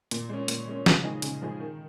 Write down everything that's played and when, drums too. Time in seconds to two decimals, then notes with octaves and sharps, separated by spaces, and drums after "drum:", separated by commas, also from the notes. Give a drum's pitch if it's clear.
0.11 A#2, drum: hi-hat
0.29 G#3 C#4
0.48 A#2, drum: hi-hat
0.68 G#3 C#4
0.86 C#3, drum: snare
1.04 F3 G#3 D#4 G#4
1.22 C#3, drum: hi-hat
1.42 F3 G#3 D#4 G#4
1.60 D#3